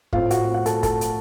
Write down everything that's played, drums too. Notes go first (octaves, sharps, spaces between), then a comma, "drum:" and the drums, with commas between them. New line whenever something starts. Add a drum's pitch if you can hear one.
A2 A3 C4 F4 F5, drum: kick
F#4 F#5, drum: hi-hat
F#5
A4 A5, drum: hi-hat
A4 A5, drum: kick, hi-hat
drum: hi-hat